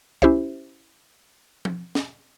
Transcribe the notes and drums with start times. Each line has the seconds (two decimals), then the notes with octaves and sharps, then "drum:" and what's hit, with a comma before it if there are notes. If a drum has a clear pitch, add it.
0.22 C#4 E4 G4 C5 E5, drum: kick
1.65 drum: tom
1.95 drum: snare